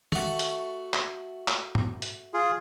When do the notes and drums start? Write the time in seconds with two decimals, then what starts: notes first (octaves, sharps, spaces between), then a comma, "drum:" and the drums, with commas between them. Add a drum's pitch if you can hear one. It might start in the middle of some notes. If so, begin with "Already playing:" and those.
0.12 A3 F#4, drum: tom D#3
0.39 drum: hi-hat
0.94 drum: clap
1.48 drum: clap
1.75 drum: tom
2.02 drum: hi-hat
2.34 F4 G#4